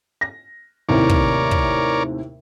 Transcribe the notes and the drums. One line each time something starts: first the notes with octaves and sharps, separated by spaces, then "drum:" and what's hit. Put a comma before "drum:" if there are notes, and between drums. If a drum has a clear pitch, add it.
A#6
D#2 A2 C3 A#4 C#5 D5
drum: kick
drum: kick